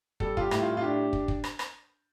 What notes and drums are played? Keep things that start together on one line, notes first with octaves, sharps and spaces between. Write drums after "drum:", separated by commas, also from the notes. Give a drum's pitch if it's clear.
G3 A4, drum: kick
F4, drum: kick
G4
A2, drum: rim click
F4
F4
D4 G4
drum: kick
drum: kick
drum: rim click
drum: rim click